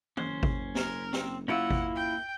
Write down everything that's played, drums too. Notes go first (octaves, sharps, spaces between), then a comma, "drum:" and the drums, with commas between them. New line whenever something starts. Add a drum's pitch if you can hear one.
F#1 C#4 C5, drum: tom
drum: kick G#1
A#4, drum: snare
C4, drum: snare
A#3 C#4 E4 F4 F#5 E6
drum: kick G#1
G5